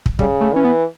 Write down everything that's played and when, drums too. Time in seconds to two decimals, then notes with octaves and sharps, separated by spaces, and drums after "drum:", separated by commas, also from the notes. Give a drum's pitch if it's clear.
0.06 drum: kick
0.19 C#3 G3, drum: kick
0.41 A3
0.53 E3 C#4
0.64 B3